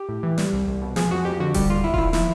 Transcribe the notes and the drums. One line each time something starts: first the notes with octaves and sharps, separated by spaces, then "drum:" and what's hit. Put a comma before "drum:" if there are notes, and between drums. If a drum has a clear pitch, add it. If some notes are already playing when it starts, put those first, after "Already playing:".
Already playing: G4
A2
E3
G3, drum: snare
C2
C2
B2
F3 G#4, drum: snare
F2 F#4
F2 G4
D3 F#4
G3 G4, drum: kick D#1, open hi-hat
D#2 F4
D#2 E4
F4, drum: kick D#1
D#3 E4
F3 E4, drum: snare